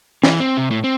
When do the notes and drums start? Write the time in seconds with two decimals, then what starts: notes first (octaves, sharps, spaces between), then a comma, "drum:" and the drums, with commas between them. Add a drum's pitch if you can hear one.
0.23 E3, drum: snare
0.40 C4
0.57 C3
0.71 A2
0.84 C4